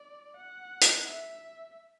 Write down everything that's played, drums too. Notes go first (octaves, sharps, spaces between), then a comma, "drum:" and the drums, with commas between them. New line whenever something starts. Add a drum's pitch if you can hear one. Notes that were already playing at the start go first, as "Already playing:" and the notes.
Already playing: D5
F#5
drum: hi-hat
E5